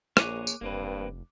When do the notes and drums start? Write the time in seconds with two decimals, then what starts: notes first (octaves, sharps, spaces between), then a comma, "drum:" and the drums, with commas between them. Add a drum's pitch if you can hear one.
0.17 A#1 A#3 G#4 C#5 D6 F#6 D#7, drum: rim click
0.47 drum: tambourine
0.61 F1 G2 A#3 C4 B4